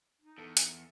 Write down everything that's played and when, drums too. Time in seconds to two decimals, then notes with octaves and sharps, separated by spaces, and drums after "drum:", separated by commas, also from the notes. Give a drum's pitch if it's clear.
0.21 D#4
0.38 E2 A4
0.57 drum: hi-hat